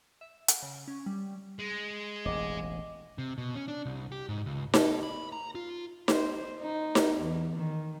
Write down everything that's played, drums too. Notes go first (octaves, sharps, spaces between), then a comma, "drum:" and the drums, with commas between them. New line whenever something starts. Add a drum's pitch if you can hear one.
E5
F#5, drum: hi-hat
C#3
C#4
G3
G#3
E1 A1 D#5 D6
C3
B2
C#4
D4
C2
G4
G#2
C#2
A4, drum: snare D#4
B5
A#5
F4
C5, drum: snare D#4
D#4
drum: snare D#4
E2
D#3